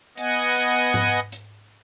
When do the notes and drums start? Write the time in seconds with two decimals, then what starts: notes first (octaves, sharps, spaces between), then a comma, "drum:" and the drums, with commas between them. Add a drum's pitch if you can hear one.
0.17 B3 D#5 F#5 G#5, drum: hi-hat
0.56 drum: hi-hat
0.94 drum: tom G#2
1.32 drum: hi-hat